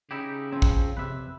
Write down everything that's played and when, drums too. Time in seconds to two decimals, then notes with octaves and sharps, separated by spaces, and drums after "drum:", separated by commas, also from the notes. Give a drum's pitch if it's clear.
0.11 C#3 D#4 E4 G4
0.52 F3 C4 C#4
0.62 drum: kick
0.97 F2 C3 B4 E5